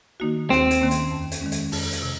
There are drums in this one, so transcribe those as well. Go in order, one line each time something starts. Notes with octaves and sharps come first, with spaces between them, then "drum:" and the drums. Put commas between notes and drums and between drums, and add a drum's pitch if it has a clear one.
D#3 A#3 D#4 F#4
D#2 C4, drum: snare
drum: hi-hat
D#3 A#3 C#4
drum: hi-hat
F2
drum: hi-hat
D#3 G#3 C#4
drum: hi-hat
F2, drum: open hi-hat
drum: hi-hat
C3